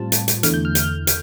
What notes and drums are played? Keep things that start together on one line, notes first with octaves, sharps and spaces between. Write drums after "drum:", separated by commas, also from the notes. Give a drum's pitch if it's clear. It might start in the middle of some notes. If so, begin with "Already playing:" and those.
Already playing: A2 G3 C4 F4 A5
drum: hi-hat
drum: hi-hat
E2 D3 A3 E4 F6, drum: hi-hat
G6
F6
G6, drum: hi-hat
drum: hi-hat